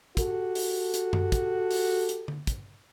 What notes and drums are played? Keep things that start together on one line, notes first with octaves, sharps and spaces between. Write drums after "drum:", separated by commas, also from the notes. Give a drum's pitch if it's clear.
F#4 G4 A4, drum: kick, hi-hat
drum: open hi-hat
drum: hi-hat
drum: tom F#2
drum: kick, hi-hat
drum: open hi-hat
drum: hi-hat
drum: tom D3
drum: kick, hi-hat